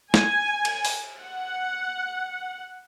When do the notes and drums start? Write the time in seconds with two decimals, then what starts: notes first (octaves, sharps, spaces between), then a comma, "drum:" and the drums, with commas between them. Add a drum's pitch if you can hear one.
0.14 G#5, drum: snare
0.65 drum: cymbal
0.85 drum: open hi-hat
1.20 F#5